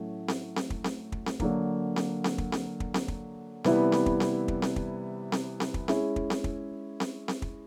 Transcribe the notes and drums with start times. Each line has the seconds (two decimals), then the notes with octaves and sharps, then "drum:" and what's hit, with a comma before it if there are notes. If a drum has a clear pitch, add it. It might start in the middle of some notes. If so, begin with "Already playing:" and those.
Already playing: A2 F#3 A3 C#4
0.28 drum: snare C4
0.56 drum: snare C4
0.70 drum: kick
0.84 drum: snare C4
1.12 drum: kick
1.26 drum: snare C4
1.40 D3 F#3 A#3, drum: kick
1.96 drum: snare C4
2.24 drum: snare C4
2.38 drum: kick
2.52 drum: snare C4
2.80 drum: kick
2.94 drum: snare C4
3.08 drum: kick
3.64 C3 E3 G3 B3 E4, drum: snare C4
3.92 drum: snare C4
4.06 drum: kick
4.20 drum: snare C4
4.48 drum: kick
4.62 drum: snare C4
4.76 drum: kick
5.32 drum: snare C4
5.60 drum: snare C4
5.74 drum: kick
5.88 G#3 C#4 E4 G#4, drum: snare C4
6.16 drum: kick
6.30 drum: snare C4
6.44 drum: kick
7.00 drum: snare C4
7.28 drum: snare C4
7.42 drum: kick